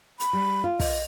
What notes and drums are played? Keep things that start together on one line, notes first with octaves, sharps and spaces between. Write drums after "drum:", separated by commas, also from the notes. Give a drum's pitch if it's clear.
B5, drum: hi-hat
G3
F4
D#5, drum: kick, open hi-hat